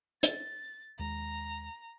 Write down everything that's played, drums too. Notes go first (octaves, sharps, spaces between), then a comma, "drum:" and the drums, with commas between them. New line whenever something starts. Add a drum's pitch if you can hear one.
A6, drum: hi-hat
D#2 G#3 A#5